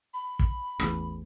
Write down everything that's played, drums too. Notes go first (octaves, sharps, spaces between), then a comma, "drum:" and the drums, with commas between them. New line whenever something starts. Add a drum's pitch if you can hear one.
B5
drum: kick
A1 E2, drum: rim click